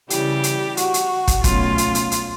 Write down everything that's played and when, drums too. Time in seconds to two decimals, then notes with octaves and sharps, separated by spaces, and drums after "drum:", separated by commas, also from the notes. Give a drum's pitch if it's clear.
0.10 C#3 E3 G3 G4, drum: hi-hat
0.44 drum: hi-hat
0.77 F#4, drum: hi-hat
0.94 drum: hi-hat
1.28 drum: kick, hi-hat
1.44 B2 F#3 A3 C#4 F4, drum: kick, hi-hat
1.78 drum: hi-hat
1.95 drum: hi-hat
2.12 drum: hi-hat